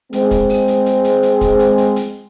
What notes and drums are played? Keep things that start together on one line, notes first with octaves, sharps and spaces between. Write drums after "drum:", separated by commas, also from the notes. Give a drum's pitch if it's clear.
G#3 C4, drum: hi-hat
drum: kick, hi-hat
drum: open hi-hat
drum: hi-hat
drum: hi-hat
drum: hi-hat
drum: hi-hat
drum: kick, hi-hat
drum: hi-hat
drum: hi-hat
drum: hi-hat